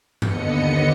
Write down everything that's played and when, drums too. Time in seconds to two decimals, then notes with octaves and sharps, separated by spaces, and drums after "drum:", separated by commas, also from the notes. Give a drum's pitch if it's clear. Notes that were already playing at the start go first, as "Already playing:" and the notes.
0.22 D#2 D3 B3 D#5 C#7, drum: tom G2